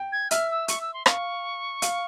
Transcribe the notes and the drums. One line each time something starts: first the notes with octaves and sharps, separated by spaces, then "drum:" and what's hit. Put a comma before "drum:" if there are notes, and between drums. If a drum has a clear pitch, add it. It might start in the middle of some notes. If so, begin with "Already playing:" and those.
Already playing: G5
G#6
E5 F6, drum: hi-hat
E6
C#6, drum: hi-hat
E6
C6
F5 C#6, drum: rim click
F5, drum: hi-hat